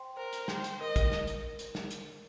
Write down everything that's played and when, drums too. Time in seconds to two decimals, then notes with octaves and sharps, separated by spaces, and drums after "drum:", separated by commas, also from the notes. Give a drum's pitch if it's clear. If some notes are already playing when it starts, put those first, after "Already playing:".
Already playing: C5 G5 C6
0.17 A#4 C5
0.33 drum: hi-hat
0.48 C5 G5 C6, drum: snare
0.64 drum: hi-hat
0.81 A#4 D#5
0.96 drum: kick, hi-hat
1.12 drum: snare
1.27 drum: hi-hat
1.59 drum: hi-hat
1.75 drum: snare
1.91 drum: hi-hat